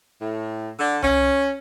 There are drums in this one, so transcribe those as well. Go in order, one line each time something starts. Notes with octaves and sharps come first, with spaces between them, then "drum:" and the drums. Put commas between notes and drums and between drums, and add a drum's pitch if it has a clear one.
A2
D3
C#4, drum: tom C2